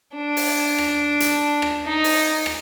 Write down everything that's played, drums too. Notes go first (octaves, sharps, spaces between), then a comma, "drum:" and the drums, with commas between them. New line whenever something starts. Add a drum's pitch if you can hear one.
D4
drum: open hi-hat
drum: rim click
drum: hi-hat
drum: rim click
D#4
drum: open hi-hat
drum: rim click